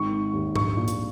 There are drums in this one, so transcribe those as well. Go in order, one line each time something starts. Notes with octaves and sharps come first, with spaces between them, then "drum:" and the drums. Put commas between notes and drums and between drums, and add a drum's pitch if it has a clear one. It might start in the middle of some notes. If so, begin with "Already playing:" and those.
Already playing: G#1 D#3 C#6
D#3
D#2
A#1 C#6, drum: tom G#2
A#2
drum: hi-hat